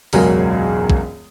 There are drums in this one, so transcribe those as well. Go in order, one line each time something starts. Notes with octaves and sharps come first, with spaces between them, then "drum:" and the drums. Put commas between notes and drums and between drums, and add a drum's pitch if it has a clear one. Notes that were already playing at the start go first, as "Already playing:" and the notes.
E1 C#2 F#2 F#3 G#4 A#4, drum: open hi-hat
drum: kick